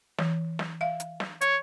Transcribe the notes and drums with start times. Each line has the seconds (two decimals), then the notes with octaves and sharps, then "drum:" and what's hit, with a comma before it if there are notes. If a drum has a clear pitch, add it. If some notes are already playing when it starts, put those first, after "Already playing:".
0.18 E3, drum: snare
0.59 drum: snare
0.81 E5 F5
1.00 drum: hi-hat
1.20 drum: snare
1.41 C#5, drum: hi-hat